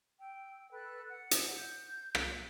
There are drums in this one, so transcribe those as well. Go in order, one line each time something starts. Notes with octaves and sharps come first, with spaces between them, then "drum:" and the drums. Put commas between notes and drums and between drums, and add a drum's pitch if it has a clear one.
G5 E6
A4 B4 E6 F#6
F#5
drum: hi-hat
G6
drum: rim click